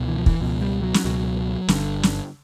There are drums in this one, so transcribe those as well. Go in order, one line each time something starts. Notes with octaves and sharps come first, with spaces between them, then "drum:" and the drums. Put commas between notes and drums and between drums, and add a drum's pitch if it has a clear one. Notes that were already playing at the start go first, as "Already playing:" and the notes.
Already playing: C#2 B2
E3
F3
E3, drum: kick
C#2 B2 F3
G3
F#3
drum: snare
C#2 B2 F#3
G1 G2 D3, drum: snare
drum: snare